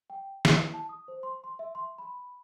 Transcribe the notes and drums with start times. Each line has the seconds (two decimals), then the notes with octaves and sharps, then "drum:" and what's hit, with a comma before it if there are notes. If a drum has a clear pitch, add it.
0.10 G5
0.45 E4, drum: snare
0.74 A5
0.89 D#6
1.08 C5
1.23 C6
1.44 C6
1.59 E5
1.75 C6
1.98 B5